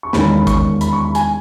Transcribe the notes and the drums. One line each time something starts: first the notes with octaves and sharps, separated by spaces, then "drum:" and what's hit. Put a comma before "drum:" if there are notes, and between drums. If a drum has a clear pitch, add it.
C#6
E1 D#2 D#3 A#3 C#4 B5, drum: snare
B5
C#6, drum: kick A1, hi-hat
B5, drum: hi-hat
C#6
B5
G#5, drum: hi-hat